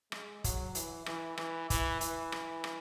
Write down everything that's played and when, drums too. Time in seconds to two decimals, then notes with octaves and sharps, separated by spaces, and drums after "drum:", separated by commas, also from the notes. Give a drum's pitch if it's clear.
0.12 G#3, drum: rim click
0.44 F#3, drum: kick, hi-hat
0.75 E3, drum: hi-hat
1.06 E3, drum: rim click
1.38 E3, drum: rim click
1.70 E3, drum: kick, hi-hat
2.01 E3, drum: hi-hat
2.32 drum: rim click
2.64 drum: rim click